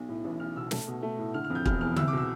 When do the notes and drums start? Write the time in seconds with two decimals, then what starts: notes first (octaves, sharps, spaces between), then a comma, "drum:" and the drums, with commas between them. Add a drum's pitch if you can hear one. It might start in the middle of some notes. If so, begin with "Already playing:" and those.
Already playing: B1
0.09 A2
0.24 A1
0.40 B1 F6
0.56 B2 E6
0.71 A3, drum: snare
0.88 B2
1.02 A3
1.19 A2
1.34 D3 F6
1.44 F6
1.50 F2
1.55 G6
1.65 E1 F6, drum: kick
1.81 E2 F6
1.96 C2 E6, drum: tom C#3
2.08 D6
2.13 B2 E6